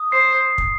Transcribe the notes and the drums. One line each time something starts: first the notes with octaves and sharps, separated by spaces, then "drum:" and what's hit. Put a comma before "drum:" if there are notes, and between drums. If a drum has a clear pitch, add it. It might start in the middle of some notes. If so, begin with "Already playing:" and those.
Already playing: D#6
C5 C7
drum: kick